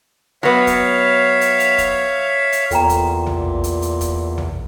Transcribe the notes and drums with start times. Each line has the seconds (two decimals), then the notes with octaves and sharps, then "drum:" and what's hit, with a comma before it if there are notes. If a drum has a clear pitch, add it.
0.43 F#3 B3 C#5 E5 F5
0.67 drum: kick, hi-hat
1.41 drum: hi-hat
1.60 drum: hi-hat
1.78 drum: kick, hi-hat
2.52 drum: hi-hat
2.71 E2 A#2 A4 G5 A#5, drum: hi-hat
2.89 drum: kick, hi-hat
3.27 drum: tom A#1
3.64 drum: hi-hat
3.82 drum: hi-hat
4.01 drum: kick, hi-hat
4.38 drum: tom A#1